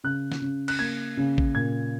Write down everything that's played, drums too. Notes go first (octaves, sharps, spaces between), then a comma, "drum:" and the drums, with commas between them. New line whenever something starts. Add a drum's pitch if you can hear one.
C#3 F#6
drum: snare
C#3
F#6, drum: cymbal
A#3 G#6
C#3
drum: kick G#1
A#2 G#6